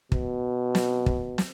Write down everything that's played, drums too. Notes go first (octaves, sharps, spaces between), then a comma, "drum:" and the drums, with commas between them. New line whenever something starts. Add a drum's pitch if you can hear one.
B2, drum: kick
drum: snare
drum: kick
drum: snare